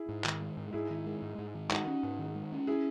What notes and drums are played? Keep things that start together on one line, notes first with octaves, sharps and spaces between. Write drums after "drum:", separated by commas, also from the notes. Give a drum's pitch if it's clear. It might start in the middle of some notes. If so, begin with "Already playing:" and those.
Already playing: E4 G#4
G#2
D#3, drum: clap
G#3
G#2
G#2 E4 G#4
D#3
G#3
G#2
G#2
D#3
G#3 D#4 F#4, drum: clap
C#4
G#2
D#3
G#3
C#4
E4 G#4